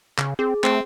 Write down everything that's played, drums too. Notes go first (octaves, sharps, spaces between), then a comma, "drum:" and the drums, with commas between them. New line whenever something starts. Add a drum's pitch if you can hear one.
C#3, drum: clap
C4 G#4
A3 C4, drum: clap